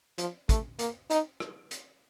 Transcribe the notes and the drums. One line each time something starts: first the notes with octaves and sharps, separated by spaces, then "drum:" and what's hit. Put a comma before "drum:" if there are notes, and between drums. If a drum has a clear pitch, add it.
F3, drum: hi-hat
A3, drum: kick, hi-hat
A#3, drum: hi-hat
D#4, drum: hi-hat
drum: rim click
drum: hi-hat